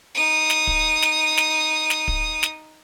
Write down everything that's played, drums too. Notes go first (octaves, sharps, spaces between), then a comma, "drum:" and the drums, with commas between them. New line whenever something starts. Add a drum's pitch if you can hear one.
D#4 D#6
drum: snare
drum: kick
drum: snare
drum: snare
drum: snare
drum: kick
drum: snare